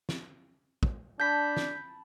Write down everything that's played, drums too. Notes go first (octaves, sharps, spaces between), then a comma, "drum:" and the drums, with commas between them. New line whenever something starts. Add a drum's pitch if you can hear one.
drum: snare
drum: kick
D4 A5 B5 G6 B6
drum: snare